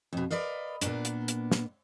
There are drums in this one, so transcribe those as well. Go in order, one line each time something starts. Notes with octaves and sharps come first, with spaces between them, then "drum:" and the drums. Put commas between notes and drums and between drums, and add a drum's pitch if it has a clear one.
F2 B2
A#4 B4 D5 D#5 F5
A#2 A#3 B3 C#4 D4, drum: hi-hat
drum: hi-hat
drum: hi-hat
drum: snare